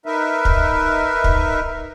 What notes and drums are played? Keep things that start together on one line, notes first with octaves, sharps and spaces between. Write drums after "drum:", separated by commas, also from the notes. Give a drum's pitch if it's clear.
D#4 A#4 B4 E5
drum: kick
drum: kick